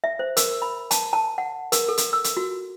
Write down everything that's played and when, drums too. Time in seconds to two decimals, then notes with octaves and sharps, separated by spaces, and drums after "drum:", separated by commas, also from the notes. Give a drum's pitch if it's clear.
0.04 E5
0.19 C5
0.37 A#4, drum: hi-hat
0.62 B5
0.91 A5, drum: hi-hat
1.13 A5
1.38 F#5
1.72 A#4, drum: hi-hat
1.88 A4
1.97 drum: hi-hat
2.13 E6
2.24 drum: hi-hat
2.37 F#4